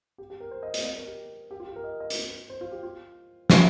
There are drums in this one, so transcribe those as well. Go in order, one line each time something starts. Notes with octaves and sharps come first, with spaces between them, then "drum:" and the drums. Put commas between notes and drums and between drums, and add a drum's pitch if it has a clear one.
G4
G4
A#4
C5
D#5
D#5, drum: hi-hat
D#5
A#4
G4
G4
F4
G4
A#4
D#5
D#5
drum: hi-hat
C5
F4
G4
F4
F4, drum: snare